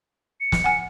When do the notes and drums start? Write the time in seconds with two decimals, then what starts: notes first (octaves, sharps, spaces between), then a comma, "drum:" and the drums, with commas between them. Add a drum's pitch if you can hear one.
0.41 C#7
0.52 drum: snare
0.64 F#5 G#5